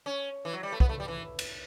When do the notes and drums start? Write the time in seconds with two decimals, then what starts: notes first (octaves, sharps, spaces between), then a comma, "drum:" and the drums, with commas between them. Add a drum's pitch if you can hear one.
0.06 C#4
0.45 E3
0.53 F#3
0.63 G3
0.72 A3
0.80 B3, drum: kick
0.89 A3
1.00 G3
1.08 E3
1.39 drum: cymbal